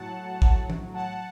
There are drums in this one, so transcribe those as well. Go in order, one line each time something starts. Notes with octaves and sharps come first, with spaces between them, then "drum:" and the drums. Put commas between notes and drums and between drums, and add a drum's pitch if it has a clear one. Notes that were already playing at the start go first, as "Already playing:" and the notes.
Already playing: A2 F#3 F#5 A5
drum: kick
drum: tom
F#5 A5